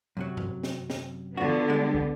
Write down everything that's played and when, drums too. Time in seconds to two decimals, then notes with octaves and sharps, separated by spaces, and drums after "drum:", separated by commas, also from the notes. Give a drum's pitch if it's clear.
0.17 F#2 C3 F#3
0.37 drum: tom G2
0.63 drum: snare
0.90 drum: snare
1.37 D3 B3 F4 F#4
1.68 G3 G#3
1.95 drum: kick